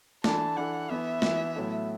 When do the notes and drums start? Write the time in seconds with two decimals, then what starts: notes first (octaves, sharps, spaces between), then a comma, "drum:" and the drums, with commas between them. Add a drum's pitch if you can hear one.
0.24 E3 D4 A4 A5, drum: snare
0.57 E3 D4 A4 F#5
0.89 E3 B3 E4 E5
1.22 E3 B3 E4, drum: snare
1.56 A2 F#3 B3 E4 A4